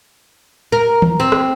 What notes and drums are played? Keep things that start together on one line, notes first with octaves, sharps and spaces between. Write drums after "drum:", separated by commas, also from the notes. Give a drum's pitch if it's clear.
A#4
drum: tom D#3
C4
drum: rim click